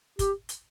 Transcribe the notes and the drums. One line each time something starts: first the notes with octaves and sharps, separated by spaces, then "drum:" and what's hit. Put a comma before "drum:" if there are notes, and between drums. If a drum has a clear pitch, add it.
G4, drum: kick, hi-hat
drum: hi-hat